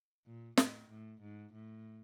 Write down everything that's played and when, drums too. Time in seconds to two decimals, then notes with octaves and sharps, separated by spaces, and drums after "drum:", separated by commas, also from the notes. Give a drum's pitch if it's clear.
0.26 A#2
0.57 A2, drum: snare
0.89 A2
1.21 G#2
1.53 A2